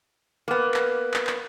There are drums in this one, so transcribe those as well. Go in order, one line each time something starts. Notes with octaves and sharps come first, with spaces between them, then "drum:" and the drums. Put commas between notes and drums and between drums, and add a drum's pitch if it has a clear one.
A#3 B3
drum: clap
drum: clap
drum: clap